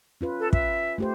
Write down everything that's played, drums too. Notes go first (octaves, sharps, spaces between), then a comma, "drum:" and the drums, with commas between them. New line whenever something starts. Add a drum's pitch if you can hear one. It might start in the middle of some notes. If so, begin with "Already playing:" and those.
C#4 F4 B4
A4
E5, drum: kick
A3 G4 C5